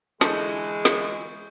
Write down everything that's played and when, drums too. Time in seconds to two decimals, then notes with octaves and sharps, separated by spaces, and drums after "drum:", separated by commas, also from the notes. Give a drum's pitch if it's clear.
0.21 D3 E3 G#3 G#4 A5 C#6 G6, drum: snare
0.85 drum: snare